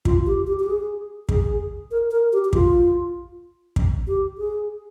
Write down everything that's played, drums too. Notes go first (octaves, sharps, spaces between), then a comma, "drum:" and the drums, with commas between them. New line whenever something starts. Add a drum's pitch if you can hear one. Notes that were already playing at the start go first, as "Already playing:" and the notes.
F4, drum: kick
G4
G4
G4
G#4
G#4, drum: kick
A#4
A#4
G4
G4
F4, drum: kick
drum: kick
G4
G#4